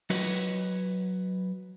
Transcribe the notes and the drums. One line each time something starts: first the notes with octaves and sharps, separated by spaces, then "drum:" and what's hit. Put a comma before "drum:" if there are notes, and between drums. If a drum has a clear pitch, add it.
F#3 F#4 B4 C#5 D#5, drum: open hi-hat